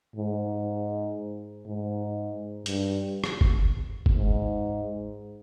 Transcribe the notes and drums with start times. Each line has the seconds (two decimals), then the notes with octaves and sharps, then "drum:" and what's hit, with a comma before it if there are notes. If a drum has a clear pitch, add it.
0.16 G#2
1.66 G#2
2.66 G2, drum: hi-hat
3.24 drum: rim click
3.41 drum: kick G1
4.06 drum: kick G1
4.15 G#2